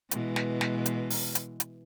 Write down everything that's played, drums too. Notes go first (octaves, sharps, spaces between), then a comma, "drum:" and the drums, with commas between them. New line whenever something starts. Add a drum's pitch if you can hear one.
B2 E3 G#3, drum: hi-hat
drum: snare
drum: snare
drum: hi-hat
drum: open hi-hat
drum: hi-hat
drum: hi-hat